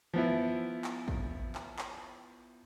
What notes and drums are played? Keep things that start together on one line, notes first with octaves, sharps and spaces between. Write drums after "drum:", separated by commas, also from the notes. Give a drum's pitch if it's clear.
F3 B3 E4
drum: clap
drum: kick
drum: clap
drum: clap